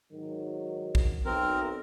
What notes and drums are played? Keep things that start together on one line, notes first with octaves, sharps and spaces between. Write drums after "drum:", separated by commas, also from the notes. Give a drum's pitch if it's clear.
G#2 D#3 F#3
drum: kick
B1 C4 A#4